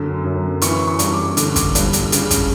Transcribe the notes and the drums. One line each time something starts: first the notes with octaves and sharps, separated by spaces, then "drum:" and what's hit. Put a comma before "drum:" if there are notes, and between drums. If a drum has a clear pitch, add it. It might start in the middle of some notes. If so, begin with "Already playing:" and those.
Already playing: F#2 D3
F#2
E3 C#6, drum: hi-hat
C#6
G2, drum: hi-hat
D6
D3, drum: hi-hat
drum: kick, hi-hat
G2, drum: hi-hat
drum: hi-hat
C#3, drum: hi-hat
drum: kick, hi-hat